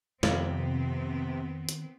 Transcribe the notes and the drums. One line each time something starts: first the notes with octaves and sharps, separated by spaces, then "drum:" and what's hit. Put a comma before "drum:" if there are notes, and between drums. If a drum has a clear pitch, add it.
F2 C3 D#3 B3 C4, drum: snare
drum: hi-hat